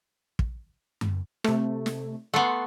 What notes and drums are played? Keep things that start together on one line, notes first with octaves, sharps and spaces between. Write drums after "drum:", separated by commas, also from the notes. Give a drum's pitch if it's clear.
drum: kick
drum: tom F#2
C3 A3, drum: rim click
drum: snare
A3 B3 F#5 C6